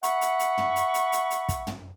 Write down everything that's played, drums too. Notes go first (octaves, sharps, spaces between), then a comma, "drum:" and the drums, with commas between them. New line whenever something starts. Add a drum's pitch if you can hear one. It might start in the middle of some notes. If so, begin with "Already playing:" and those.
E5 F#5 B5 C#6, drum: hi-hat
drum: hi-hat
drum: hi-hat
drum: tom
drum: hi-hat
drum: hi-hat
drum: hi-hat
drum: hi-hat
drum: kick, hi-hat
drum: tom